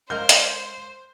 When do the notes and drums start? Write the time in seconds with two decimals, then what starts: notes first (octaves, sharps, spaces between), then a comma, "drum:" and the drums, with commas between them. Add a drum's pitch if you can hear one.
0.10 G#3 A#4 C5 F5 G6
0.29 drum: hi-hat